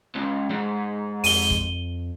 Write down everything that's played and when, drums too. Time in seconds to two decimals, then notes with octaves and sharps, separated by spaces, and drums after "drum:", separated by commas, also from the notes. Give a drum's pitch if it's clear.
0.15 C#2
0.51 G#2
1.24 F2 D#7 G7, drum: open hi-hat
1.50 drum: kick G1